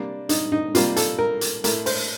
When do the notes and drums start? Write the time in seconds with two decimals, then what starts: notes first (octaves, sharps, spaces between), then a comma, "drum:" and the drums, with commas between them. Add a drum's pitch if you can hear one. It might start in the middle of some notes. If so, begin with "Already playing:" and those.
Already playing: C3 G3 A#3 D4
0.29 D#4, drum: hi-hat
0.52 D#4
0.75 C3 G3 A#3 F4, drum: hi-hat
0.96 A4, drum: hi-hat
1.19 A#4
1.41 drum: hi-hat
1.64 A2 A3 A#4, drum: hi-hat
1.86 C5, drum: open hi-hat